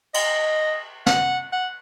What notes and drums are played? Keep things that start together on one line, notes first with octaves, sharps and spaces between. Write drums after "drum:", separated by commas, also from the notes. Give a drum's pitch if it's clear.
D#5, drum: cymbal
F#5, drum: snare
F#5